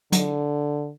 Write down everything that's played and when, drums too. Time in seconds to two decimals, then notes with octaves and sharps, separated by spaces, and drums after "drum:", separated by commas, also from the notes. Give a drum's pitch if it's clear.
0.12 D3 F#3, drum: hi-hat